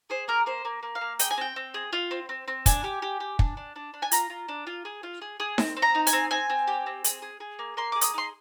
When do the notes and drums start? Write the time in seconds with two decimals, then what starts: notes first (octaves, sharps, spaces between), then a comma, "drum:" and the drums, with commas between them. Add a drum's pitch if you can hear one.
0.10 G#4 C5
0.28 A#3 A#4
0.46 A#3 C5
0.65 A#3
0.83 A#3
0.95 F5
1.01 A#3
1.19 G#4 G5, drum: hi-hat
1.31 G#5
1.38 C4 G5
1.56 C4
1.74 G#4
1.93 F4
2.11 C4
2.29 C4
2.48 C4
2.66 D4 G#5, drum: kick, hi-hat
2.84 G4
3.02 G4
3.20 G4
3.39 D4, drum: kick
3.57 D4
3.76 D4
3.94 D4
4.02 G#5
4.11 F4 A#5, drum: hi-hat
4.30 F4
4.48 D4
4.67 F4
4.85 G#4
5.03 F4
5.21 G#4
5.40 G#4
5.58 C4, drum: snare D#4
5.77 C4
5.82 A#5
5.95 D#4
6.07 G#5, drum: hi-hat
6.13 C4
6.31 C4 G#5
6.50 C4
6.67 G4
6.86 C4
7.04 G#4, drum: hi-hat
7.22 G#4
7.40 G#4
7.59 A#3
7.77 A#3 C6
7.92 G#4 D6
8.01 D#6, drum: hi-hat
8.14 D#4 C6